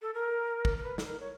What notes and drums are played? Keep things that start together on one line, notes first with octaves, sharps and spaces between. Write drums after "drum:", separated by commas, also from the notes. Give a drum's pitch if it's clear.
A4
A#4
drum: kick
A#4
B4
A4, drum: snare
A#4
C#5